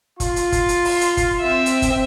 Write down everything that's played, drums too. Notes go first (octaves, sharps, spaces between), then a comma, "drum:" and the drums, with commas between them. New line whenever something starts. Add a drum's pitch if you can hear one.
F4 C6, drum: kick, hi-hat
drum: hi-hat
drum: kick, hi-hat
drum: hi-hat
drum: open hi-hat
drum: hi-hat
drum: kick, hi-hat
C4 E5
drum: hi-hat
drum: kick, hi-hat